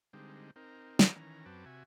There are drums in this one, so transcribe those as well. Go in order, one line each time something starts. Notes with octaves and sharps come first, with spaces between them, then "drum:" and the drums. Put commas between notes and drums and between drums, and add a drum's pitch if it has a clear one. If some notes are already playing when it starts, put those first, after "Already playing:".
D3 G3 G#3 C4 D#4
C4 D#4 A#4
drum: snare
D#3 E3 C#4 A#5
F#2 F#3 C4 B4 A5 D6
C3 F#4 E5 G#5